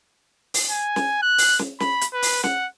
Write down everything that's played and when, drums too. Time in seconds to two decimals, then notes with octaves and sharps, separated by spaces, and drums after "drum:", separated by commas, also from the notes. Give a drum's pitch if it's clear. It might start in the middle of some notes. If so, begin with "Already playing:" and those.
0.54 drum: open hi-hat
0.71 G#5
0.96 drum: snare
1.22 F#6
1.38 drum: open hi-hat
1.59 drum: snare
1.80 B5, drum: snare
2.01 drum: hi-hat
2.13 B4
2.22 drum: open hi-hat
2.44 F#5, drum: snare